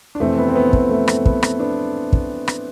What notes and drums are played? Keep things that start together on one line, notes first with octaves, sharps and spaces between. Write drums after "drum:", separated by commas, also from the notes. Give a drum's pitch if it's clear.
D4
F2 C3 E3 A3 C4
B3
C4
B3
B3, drum: kick
A3
drum: rim click
B3, drum: kick
drum: rim click
B3 D4
drum: kick
drum: rim click